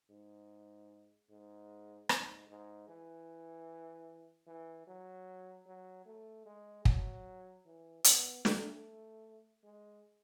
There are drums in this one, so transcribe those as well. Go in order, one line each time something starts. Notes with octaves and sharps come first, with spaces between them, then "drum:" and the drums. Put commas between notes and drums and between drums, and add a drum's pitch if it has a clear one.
G#2
G#2
G#2, drum: rim click
G#2
E3
E3
F#3
F#3
A3
G#3
F#3, drum: kick
E3
B3, drum: hi-hat
A3, drum: snare
G#3